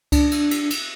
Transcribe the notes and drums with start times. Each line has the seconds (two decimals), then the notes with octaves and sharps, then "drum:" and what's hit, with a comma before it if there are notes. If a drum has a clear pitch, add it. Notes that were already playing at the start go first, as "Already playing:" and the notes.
0.12 D4, drum: kick C#2, cymbal
0.32 drum: cymbal
0.51 drum: cymbal
0.70 drum: cymbal